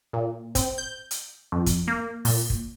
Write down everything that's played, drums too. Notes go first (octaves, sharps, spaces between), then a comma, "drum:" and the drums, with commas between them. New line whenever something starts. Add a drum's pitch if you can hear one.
A#2
C4, drum: kick, hi-hat
G6
drum: hi-hat
F2
drum: kick, hi-hat
A#3
A#2, drum: open hi-hat
drum: kick